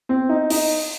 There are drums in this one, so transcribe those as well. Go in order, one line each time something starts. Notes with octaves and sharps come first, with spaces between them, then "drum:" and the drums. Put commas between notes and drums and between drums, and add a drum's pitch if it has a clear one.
C4
D#4
D#4, drum: open hi-hat